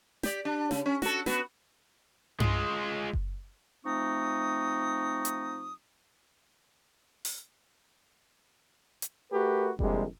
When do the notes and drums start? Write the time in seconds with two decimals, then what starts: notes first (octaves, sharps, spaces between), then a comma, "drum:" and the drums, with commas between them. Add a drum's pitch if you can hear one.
0.23 G4 D5, drum: snare
0.45 D4
0.71 C#3, drum: snare
0.86 C#4
1.02 F#4 A4, drum: snare
1.26 B3 F#4, drum: snare
2.40 G#3 F4, drum: tom G2
3.13 drum: kick F#1
3.85 F3 A3 C4 D#4 C#6 D#6
5.25 drum: hi-hat
7.25 drum: open hi-hat
9.02 drum: hi-hat
9.32 A3 F#4 G4 A#4 B4
9.79 A#1 F2 C3 G3 G#3, drum: kick F#1